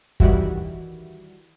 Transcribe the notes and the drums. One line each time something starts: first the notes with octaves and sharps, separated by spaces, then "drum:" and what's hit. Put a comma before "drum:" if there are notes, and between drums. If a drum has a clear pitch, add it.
D#3 E3 G3 E4 F#4, drum: kick